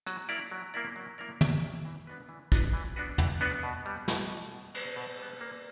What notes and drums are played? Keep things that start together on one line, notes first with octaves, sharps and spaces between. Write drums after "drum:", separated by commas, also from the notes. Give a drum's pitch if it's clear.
F#3, drum: hi-hat
A#3 E4 A#4 D5
F#3
A#3 E4 A#4 D5
F#3
A#3 E4 A#4 D5
F#3, drum: tom
A#3 E4 A#4 D5
E3
B3 D4 F#4 B4
E3
B3 D4 F#4 B4, drum: kick
E3
B3 D4 F#4 B4
E3, drum: tom
B3 D4 F#4 B4
B2
G3 B3
B2, drum: snare
G3 B3
B2
G3 B3, drum: cymbal
B2
G3 B3
A#3